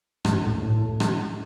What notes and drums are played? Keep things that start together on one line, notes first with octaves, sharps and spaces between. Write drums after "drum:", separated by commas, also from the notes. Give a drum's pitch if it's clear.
G#2, drum: rim click
A2
A2
drum: rim click